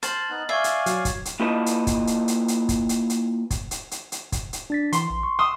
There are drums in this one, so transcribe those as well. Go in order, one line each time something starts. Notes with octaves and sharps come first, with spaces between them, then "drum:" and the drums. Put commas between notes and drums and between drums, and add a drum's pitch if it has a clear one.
C5 A5 F6 A6 F#7, drum: hi-hat
B3 D#4 F#6
D5 E5 F5 G#5 C#6 G#6 C7
drum: hi-hat
F#3, drum: hi-hat
drum: kick, hi-hat
drum: hi-hat
A#3 E4 F4 B4 D#5 A5
drum: hi-hat
drum: kick, hi-hat
drum: hi-hat
drum: hi-hat
drum: hi-hat
drum: kick, hi-hat
drum: hi-hat
drum: hi-hat
drum: kick, hi-hat
drum: hi-hat
drum: hi-hat
drum: hi-hat
drum: kick, hi-hat
drum: hi-hat
D4 A6 B6
E3 C6, drum: hi-hat
A#1
C#6
C6 D#6 E6